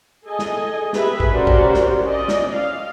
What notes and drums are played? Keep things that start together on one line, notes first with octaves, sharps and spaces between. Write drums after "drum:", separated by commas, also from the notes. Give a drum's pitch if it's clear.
G#4 A4 D#5 G#5
drum: snare
G4 G#4 B4 E5 B5, drum: snare
drum: kick A1
C#4 F#4 G4 A#4 C5 D5
drum: kick A1
drum: snare
C#4 D5 D#5
drum: snare
F5